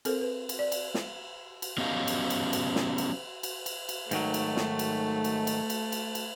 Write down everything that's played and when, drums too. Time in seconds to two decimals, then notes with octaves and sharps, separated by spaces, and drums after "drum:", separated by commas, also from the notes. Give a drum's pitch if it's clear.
0.05 C4 A4 A#4 C5, drum: cymbal
0.21 B4
0.49 drum: cymbal
0.59 D5
0.72 drum: cymbal
0.94 drum: snare
1.62 drum: cymbal
1.78 F#3 B3 C#4 G4 D#5 F5
2.08 drum: cymbal
2.30 drum: cymbal
2.53 drum: cymbal
2.75 drum: snare
2.98 drum: cymbal
3.43 drum: cymbal
3.66 drum: cymbal
3.89 drum: cymbal
4.11 G#2 D#3 F#3 A3, drum: cymbal
4.34 drum: cymbal
4.57 drum: snare
4.79 drum: cymbal
5.24 drum: cymbal
5.47 drum: cymbal
5.70 drum: cymbal
5.92 drum: cymbal
6.15 drum: cymbal